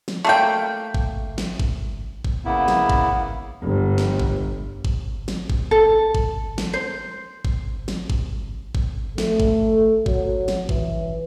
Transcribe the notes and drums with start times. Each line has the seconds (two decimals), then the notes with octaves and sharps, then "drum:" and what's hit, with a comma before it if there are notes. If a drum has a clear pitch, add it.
0.08 drum: snare
0.25 A3 A#3 G5
0.95 drum: kick G1
1.38 drum: snare
1.60 drum: kick G1
2.25 drum: kick G1
2.45 C#3 A#3 B3 E4
2.68 drum: snare
2.90 drum: kick G1
3.62 G1
3.98 drum: snare
4.20 drum: kick G1
4.85 drum: kick G1
5.28 drum: snare
5.50 drum: kick G1
5.71 A4
6.15 drum: kick G1
6.58 drum: snare
6.73 C5
7.45 drum: kick G1
7.88 drum: snare
8.10 drum: kick G1
8.75 drum: kick G1
9.18 A3, drum: snare
9.40 drum: kick G1
10.06 F#3, drum: kick G1
10.48 drum: snare
10.69 E3, drum: kick G1